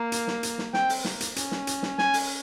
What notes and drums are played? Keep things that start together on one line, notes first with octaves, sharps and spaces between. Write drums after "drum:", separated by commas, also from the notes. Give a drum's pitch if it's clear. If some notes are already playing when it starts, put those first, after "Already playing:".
Already playing: A#3
drum: hi-hat
drum: snare
drum: hi-hat
drum: snare
C4 G5, drum: snare
drum: open hi-hat
A#3, drum: snare
drum: hi-hat
C#4, drum: hi-hat
drum: snare
drum: hi-hat
drum: snare
G#5, drum: snare
drum: open hi-hat